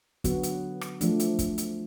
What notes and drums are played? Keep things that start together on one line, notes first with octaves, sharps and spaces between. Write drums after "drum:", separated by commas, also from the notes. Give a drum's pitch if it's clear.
D3 F#3 B3 F#4, drum: kick, hi-hat
drum: hi-hat
drum: rim click
F3 A3 D4, drum: hi-hat
drum: hi-hat
drum: kick, hi-hat
drum: hi-hat